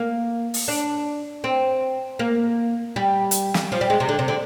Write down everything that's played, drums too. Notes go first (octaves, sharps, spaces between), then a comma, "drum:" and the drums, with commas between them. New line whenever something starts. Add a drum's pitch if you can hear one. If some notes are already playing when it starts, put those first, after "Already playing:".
Already playing: A#3
drum: open hi-hat
D4
C4
A#3
G3
drum: hi-hat
drum: snare
F3
G3
G#3
C3
D3
C3
D3